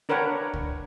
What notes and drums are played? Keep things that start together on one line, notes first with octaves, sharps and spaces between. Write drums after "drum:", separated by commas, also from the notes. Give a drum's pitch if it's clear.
D4 A#4 B4 C#5 F#5 G5
drum: kick C#2